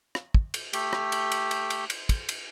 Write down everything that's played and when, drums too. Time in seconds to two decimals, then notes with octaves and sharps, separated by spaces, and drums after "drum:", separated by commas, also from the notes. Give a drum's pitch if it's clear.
0.15 drum: rim click
0.34 drum: kick
0.54 drum: cymbal
0.73 A3 G4, drum: cymbal
0.93 drum: rim click
1.12 drum: cymbal
1.32 drum: cymbal
1.51 drum: cymbal
1.70 drum: cymbal
1.90 drum: cymbal
2.09 drum: kick, cymbal
2.29 drum: cymbal